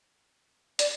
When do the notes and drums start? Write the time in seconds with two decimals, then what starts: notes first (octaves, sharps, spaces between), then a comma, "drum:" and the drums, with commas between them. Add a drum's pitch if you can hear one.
0.79 D5, drum: hi-hat